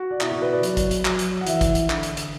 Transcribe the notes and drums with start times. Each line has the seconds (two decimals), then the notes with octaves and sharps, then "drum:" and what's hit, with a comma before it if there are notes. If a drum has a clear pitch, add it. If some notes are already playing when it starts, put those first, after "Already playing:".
Already playing: F#4
0.11 D5
0.21 B2 E4, drum: clap
0.32 F#4
0.42 B4
0.52 D5
0.63 F#3, drum: hi-hat
0.77 drum: kick, hi-hat
0.91 drum: hi-hat
1.05 F#3, drum: clap
1.19 drum: hi-hat
1.41 F#5
1.47 E3 E5, drum: hi-hat
1.61 drum: kick, hi-hat
1.75 drum: hi-hat
1.90 D3, drum: clap
2.03 drum: hi-hat
2.17 drum: hi-hat